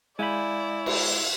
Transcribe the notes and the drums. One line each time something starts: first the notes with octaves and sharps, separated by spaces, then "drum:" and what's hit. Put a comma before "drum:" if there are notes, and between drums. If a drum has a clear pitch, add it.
G#3 E4 D5 F5 G#5 B5 G6
drum: cymbal